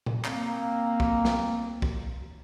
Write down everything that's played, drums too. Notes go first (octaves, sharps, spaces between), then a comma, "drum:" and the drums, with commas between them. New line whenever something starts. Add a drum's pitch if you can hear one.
drum: tom A#2
A#3 C4, drum: clap
drum: kick B1
drum: snare
drum: kick B1